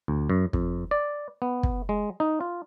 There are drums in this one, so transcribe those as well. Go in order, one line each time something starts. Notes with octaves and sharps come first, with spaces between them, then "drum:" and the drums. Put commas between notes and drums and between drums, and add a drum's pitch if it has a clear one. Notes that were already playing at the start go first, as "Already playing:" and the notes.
D2
F#2
F2, drum: kick
D5
B3
drum: kick
G#3
D#4
F4